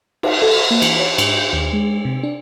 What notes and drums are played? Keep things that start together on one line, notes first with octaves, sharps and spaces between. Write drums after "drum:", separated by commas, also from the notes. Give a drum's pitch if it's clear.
D#4, drum: cymbal
A4
C#6
A#3
E3, drum: cymbal
C#5
G#2, drum: cymbal
G6
D#2
G#3
C3
D4